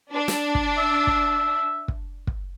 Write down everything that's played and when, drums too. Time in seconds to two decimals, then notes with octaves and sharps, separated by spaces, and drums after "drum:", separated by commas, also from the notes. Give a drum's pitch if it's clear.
0.12 D4
0.28 drum: snare
0.55 drum: kick
0.78 E5
1.07 drum: kick
1.88 drum: kick
2.27 drum: kick